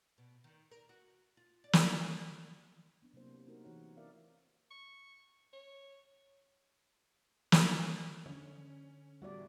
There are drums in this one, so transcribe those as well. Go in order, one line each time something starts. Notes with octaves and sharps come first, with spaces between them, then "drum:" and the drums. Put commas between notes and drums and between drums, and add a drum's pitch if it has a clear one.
B2
D#3
A#4
F#4
F4
D5
drum: snare
B3 D4
C3 F#3 A#3 E4 C5
A3 A#3 D#4 F#4 A#4
E3 F4 F#4 C#5 F#5
E4 A#4 D5 E5 F5
C#6
C#5
drum: snare
D3 C#4
E2 A2 G3 F#4 D5